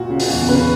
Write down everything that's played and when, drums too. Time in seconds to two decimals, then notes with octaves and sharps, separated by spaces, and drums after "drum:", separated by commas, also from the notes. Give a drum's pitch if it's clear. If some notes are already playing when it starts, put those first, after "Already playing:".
Already playing: A#2 F#4
0.10 C#3
0.20 drum: open hi-hat
0.30 E2
0.48 C#3 B4